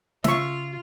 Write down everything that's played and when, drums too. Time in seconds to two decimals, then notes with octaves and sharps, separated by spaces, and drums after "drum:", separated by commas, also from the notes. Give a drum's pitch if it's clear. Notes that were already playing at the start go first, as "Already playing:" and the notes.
0.24 C#3 F4 E5 C#6, drum: snare